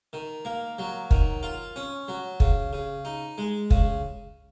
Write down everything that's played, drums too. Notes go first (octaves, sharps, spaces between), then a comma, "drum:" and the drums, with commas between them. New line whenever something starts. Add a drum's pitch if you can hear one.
D#3
A#3
F#3
D#3, drum: kick
F4
C#4
F#3
C#3, drum: kick
C#3
D#4
G#3
C#3, drum: kick